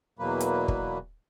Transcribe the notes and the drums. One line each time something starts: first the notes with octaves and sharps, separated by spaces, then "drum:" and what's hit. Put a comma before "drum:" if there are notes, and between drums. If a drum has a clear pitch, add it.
E2 B2 F#3 A#3 B4
drum: hi-hat
drum: kick